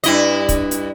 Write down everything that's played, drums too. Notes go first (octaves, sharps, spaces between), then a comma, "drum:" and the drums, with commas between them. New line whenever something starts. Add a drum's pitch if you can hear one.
G2 E4 D#5, drum: hi-hat
drum: kick, hi-hat
drum: hi-hat